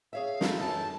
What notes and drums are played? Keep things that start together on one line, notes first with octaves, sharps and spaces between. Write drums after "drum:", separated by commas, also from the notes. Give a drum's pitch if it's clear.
G#4 C#5 E5 F5
F#3 D#4 E4 F#4 A4, drum: snare
F#2 E3 A5